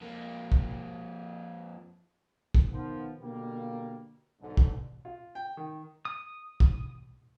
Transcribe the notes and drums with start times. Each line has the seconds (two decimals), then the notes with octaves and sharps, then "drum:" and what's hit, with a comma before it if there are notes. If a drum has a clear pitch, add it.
0.01 F2 A#3
0.52 drum: kick
2.55 drum: kick
2.71 D#3 F3 B3
3.21 B2 D3 G3 A#3
4.41 B1 G#2 D3
4.57 drum: kick
5.05 F4
5.35 G5
5.57 D#3
6.05 D#6
6.60 drum: kick